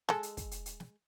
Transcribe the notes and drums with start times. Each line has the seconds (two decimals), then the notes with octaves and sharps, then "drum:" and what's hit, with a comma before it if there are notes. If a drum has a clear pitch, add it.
0.09 G#3 A4, drum: snare
0.23 drum: hi-hat
0.37 drum: kick, hi-hat
0.51 drum: hi-hat
0.66 drum: hi-hat
0.80 drum: snare